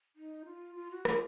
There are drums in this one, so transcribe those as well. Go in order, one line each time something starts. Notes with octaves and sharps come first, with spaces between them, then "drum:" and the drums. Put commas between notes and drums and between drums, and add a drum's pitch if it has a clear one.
D#4
F4
F4
F#4
F4, drum: rim click